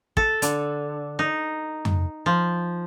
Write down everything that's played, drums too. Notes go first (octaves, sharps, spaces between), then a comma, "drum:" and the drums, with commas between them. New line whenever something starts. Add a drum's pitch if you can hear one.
A4, drum: kick
D3, drum: hi-hat
D#4
drum: tom F2
F3